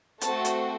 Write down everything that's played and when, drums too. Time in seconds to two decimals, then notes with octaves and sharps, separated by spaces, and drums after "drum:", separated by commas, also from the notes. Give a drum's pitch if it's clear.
0.21 A3 C4 F#4 A5, drum: hi-hat
0.45 drum: hi-hat